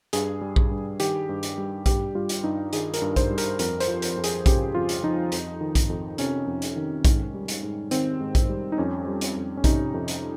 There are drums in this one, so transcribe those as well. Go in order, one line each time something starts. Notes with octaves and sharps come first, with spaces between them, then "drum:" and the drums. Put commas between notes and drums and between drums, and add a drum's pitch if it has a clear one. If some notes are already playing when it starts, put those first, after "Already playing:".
G2 G#4, drum: hi-hat
G3
drum: kick A#1
G2
D#3 G4, drum: hi-hat
G2
drum: hi-hat
G3
G2 G4, drum: kick A#1, hi-hat
G3 F4
drum: hi-hat
G2 D#4
D#3 G#4, drum: hi-hat
A#4, drum: hi-hat
G2
C5, drum: kick A#1, hi-hat
G3
A#4, drum: hi-hat
F2 A#4, drum: hi-hat
C5, drum: hi-hat
F3
A#4, drum: hi-hat
F2
G#4, drum: hi-hat
C#3 G4, drum: kick A#1, hi-hat
F2 F4
drum: hi-hat
F3 D#4
F2, drum: hi-hat
D#3
drum: kick A#1, hi-hat
F2
C3 C#4, drum: hi-hat
F2
drum: hi-hat
D#3
G#2, drum: kick A#1, hi-hat
G3
drum: hi-hat
G#2
D#3 C4, drum: hi-hat
G#2
drum: kick A#1, hi-hat
G3
D#4
F2 C#4
G3
drum: hi-hat
F2
C#4
C3 D#4, drum: kick A#1, hi-hat
F2
drum: hi-hat